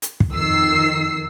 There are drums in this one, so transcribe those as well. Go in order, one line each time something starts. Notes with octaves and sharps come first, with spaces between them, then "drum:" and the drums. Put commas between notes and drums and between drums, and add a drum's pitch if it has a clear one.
drum: hi-hat
drum: kick
F2 D#3 E6 C7